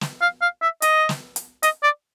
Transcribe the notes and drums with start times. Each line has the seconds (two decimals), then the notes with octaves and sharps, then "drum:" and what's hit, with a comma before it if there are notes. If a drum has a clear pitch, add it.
0.01 drum: snare
0.21 F5
0.41 F5
0.62 E5
0.82 D#5, drum: hi-hat
1.09 drum: snare
1.36 drum: hi-hat
1.63 D#5, drum: hi-hat
1.83 D5